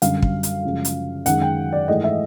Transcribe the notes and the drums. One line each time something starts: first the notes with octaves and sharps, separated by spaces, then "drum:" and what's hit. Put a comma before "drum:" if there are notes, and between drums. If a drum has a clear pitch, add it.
F#2 D3 G3 F5, drum: hi-hat
drum: kick
drum: hi-hat
F#2 C#3 F3 G#3
drum: hi-hat
F#2 D#3 G#3 F#5, drum: hi-hat
G5
D5
G#2 E3 A3 D#5
E5